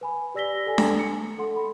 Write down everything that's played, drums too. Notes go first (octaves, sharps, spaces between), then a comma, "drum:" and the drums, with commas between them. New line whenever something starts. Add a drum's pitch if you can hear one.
B4 G#5 B5
G4 D5 E6 A#6 B6 G7
A4 D5 G#5
drum: snare D4
C#7
A4 F#5 C6
B5